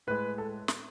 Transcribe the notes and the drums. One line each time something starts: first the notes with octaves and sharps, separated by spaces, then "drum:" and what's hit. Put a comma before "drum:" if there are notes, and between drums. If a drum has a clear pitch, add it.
A2 G#3 B4
A4
drum: snare